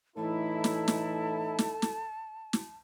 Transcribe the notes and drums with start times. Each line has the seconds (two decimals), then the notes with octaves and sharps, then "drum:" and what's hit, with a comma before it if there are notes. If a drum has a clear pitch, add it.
0.17 A2 E3 D#4 E4 A4 A5
0.64 drum: snare
0.88 drum: snare
1.59 drum: snare
1.82 drum: snare
2.53 drum: snare